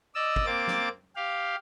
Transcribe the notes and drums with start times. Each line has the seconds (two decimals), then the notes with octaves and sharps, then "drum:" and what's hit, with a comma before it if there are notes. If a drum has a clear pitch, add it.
0.15 D5 D#5 E6
0.36 drum: kick
0.46 A#3 C4 D6 A6
0.68 drum: snare
1.16 G4 F5